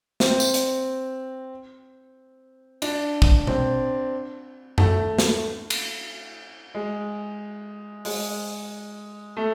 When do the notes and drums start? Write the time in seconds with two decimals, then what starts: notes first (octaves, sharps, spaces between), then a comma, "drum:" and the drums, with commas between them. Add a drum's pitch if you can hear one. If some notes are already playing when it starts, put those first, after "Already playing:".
0.20 C4, drum: snare
0.40 drum: tambourine
0.54 drum: hi-hat
2.82 D4, drum: cymbal
3.22 drum: kick
3.47 C4, drum: tom B2
4.78 A3, drum: tom F#2
5.18 drum: snare
5.70 drum: cymbal
6.75 G#3
8.05 G#3, drum: open hi-hat
9.37 A3